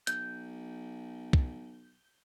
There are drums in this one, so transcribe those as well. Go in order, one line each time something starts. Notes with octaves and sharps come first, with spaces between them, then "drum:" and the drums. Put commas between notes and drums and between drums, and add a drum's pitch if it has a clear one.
B1 G6, drum: hi-hat
drum: kick